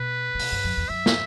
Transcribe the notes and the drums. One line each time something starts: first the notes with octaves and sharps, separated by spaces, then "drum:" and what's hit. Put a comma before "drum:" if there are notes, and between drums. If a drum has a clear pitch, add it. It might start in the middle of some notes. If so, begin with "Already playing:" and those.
Already playing: B2 B4
C#3
B2, drum: open hi-hat
G2
F#2
E2
F#2 E5
drum: snare